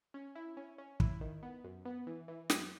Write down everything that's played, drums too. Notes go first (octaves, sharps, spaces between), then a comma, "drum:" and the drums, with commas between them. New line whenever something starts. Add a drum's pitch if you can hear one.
C#4
E4
C#4
C#4
E4, drum: kick
D#3
B3
F#2
B3
E3
E3
F#2, drum: snare